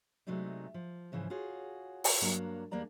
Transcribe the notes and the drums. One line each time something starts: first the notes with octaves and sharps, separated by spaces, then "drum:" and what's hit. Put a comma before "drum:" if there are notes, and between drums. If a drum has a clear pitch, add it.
C3 F#3 G#3 A3 D4 D#4
F3
G#2 C#3 E3 F3
F4 F#4 G#4 C#5
drum: open hi-hat
G2 F#3 A#3 D4 A#5
E2 G3 A#3 D4 D5 A#5